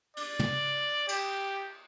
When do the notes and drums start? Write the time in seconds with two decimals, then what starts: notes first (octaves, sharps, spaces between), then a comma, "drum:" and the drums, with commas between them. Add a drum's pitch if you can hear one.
0.17 D5, drum: cymbal
0.39 drum: tom
1.09 G4, drum: cymbal